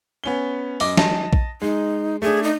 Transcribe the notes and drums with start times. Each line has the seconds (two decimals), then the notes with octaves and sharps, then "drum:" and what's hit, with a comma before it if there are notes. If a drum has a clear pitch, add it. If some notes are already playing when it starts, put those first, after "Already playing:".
0.24 B3 C#4 G7
0.80 F#2 D#5 D6, drum: open hi-hat
0.97 D#5 A5, drum: snare
1.33 drum: kick A#1
1.62 G#3 D#4
2.22 A3 D4 G#4
2.43 D#4